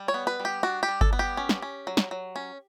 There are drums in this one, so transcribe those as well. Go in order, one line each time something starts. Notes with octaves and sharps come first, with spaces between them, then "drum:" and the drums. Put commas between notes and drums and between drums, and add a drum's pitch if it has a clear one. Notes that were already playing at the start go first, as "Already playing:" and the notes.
Already playing: G3
C#5
B3
B4
G3
G4
D4 F#4
G4
G3
A4, drum: kick G1
B3
G4
C#4
drum: snare
C#4
F#3
drum: snare
F#3
C#4